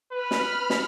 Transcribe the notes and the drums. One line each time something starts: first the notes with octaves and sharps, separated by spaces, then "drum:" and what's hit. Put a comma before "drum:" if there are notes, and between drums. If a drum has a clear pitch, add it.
B4 B5 F6
drum: snare
drum: snare